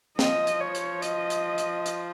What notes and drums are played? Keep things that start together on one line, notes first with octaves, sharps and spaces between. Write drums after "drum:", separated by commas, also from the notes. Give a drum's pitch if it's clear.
F3 D#5, drum: snare
drum: hi-hat
C#5
drum: hi-hat
D#5, drum: hi-hat
drum: hi-hat
drum: hi-hat
drum: hi-hat